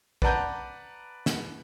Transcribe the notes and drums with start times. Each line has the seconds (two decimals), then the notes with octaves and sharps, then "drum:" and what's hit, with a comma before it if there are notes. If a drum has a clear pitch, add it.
0.22 B4 D5 F#5 A5 A#5 G6, drum: kick
1.26 drum: snare